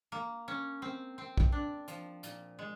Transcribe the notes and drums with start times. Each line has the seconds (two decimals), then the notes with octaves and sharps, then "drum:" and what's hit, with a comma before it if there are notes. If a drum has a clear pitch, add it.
0.12 A#3
0.48 C#4
0.82 C4
1.18 C4
1.37 drum: kick
1.52 D4
1.88 F3, drum: hi-hat
2.23 A#2, drum: hi-hat
2.59 G#3